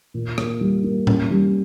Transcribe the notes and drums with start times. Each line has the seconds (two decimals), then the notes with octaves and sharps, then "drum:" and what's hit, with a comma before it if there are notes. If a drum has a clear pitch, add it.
0.14 A#2
0.38 A#3, drum: rim click
0.61 G3
0.84 A#3
1.07 C#4, drum: tom A2
1.31 G3